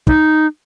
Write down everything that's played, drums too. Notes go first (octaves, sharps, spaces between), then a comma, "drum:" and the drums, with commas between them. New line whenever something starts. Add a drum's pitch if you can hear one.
D#4, drum: kick